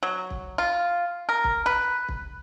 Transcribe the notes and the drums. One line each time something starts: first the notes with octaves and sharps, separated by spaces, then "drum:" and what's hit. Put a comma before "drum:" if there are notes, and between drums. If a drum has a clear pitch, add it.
F#3
drum: kick
F4
A#4
drum: kick
B4
drum: kick